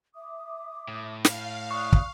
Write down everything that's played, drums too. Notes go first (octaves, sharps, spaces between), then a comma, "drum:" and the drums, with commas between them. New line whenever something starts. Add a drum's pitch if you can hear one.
E5 D6 D#6
A2
F5, drum: snare
D5 C#6 D#6 F#6
drum: kick